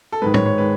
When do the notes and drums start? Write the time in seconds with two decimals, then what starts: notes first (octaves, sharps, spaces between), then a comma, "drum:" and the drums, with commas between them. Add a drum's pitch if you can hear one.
0.12 A4
0.22 G#2 D#3 G#3 B4
0.34 C#5, drum: tom
0.46 C#5
0.58 D#3 G#3 B4